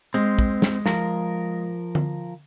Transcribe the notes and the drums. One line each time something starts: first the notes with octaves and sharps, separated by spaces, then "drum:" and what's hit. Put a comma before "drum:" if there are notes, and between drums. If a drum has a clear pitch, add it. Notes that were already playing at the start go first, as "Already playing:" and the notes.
G#3 C4
drum: kick
drum: snare
F3 A#4, drum: snare
drum: tom D3